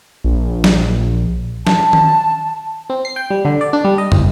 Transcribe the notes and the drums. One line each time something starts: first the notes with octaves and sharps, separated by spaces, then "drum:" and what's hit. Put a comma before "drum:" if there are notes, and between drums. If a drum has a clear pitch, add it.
A#1
drum: snare
A5, drum: snare
drum: tom D#3
C4
C7
G5
G3
D3
D5
D4
G3
D#5
G1, drum: tom